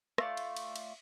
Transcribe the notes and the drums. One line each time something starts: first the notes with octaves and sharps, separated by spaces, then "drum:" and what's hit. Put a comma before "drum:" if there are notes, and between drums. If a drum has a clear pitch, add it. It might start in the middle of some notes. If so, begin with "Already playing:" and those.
A3 F4 D5, drum: rim click
drum: cymbal
drum: cymbal
drum: cymbal